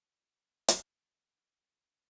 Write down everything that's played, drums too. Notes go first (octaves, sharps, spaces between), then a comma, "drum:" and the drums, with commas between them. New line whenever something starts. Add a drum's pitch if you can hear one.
D#4
drum: hi-hat
G4
F4 C5 C#5
E5
A#5